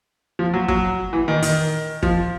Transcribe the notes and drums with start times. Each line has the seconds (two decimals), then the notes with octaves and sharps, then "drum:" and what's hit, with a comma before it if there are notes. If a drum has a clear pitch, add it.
0.39 F3
0.54 F#3
0.68 F#3, drum: kick
1.13 E3
1.28 D#3
1.42 D#3, drum: hi-hat
2.03 F3, drum: kick